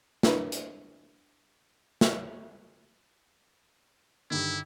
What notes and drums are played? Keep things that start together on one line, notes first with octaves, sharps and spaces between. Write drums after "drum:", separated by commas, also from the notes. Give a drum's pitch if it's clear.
D4 E4 A#4 B4 A#5 B5, drum: snare
drum: hi-hat
drum: snare
G2 D3 D#3 E4